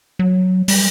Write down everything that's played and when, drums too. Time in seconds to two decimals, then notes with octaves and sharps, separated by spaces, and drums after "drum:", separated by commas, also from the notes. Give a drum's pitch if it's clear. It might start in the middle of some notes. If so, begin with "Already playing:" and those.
0.19 F#3
0.68 G3, drum: open hi-hat